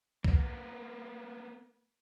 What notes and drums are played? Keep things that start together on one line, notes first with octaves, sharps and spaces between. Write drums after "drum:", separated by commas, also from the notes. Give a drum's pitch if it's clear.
A#3 B3, drum: kick B1